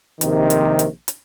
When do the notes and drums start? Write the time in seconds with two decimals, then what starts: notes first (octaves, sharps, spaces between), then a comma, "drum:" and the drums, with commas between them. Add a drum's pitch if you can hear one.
0.21 A#1 C3 D#3, drum: hi-hat
0.50 drum: hi-hat
0.79 drum: hi-hat
1.08 drum: hi-hat